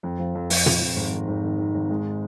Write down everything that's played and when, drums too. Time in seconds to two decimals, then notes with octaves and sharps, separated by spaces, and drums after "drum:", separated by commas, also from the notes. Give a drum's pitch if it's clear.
0.03 F2
0.19 F3
0.35 F2
0.50 F2, drum: open hi-hat
0.66 F2, drum: tom
0.82 F2
0.96 G#1
1.13 D#3
1.28 G#1
1.44 D#3
1.58 D#3
1.75 G#1
1.90 G#3